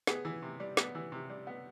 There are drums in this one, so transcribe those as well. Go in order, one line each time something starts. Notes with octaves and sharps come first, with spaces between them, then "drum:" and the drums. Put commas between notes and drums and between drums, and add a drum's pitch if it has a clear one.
B3 G#4, drum: snare
E3
C3
G3
B3, drum: snare
E3
C3
G3
B3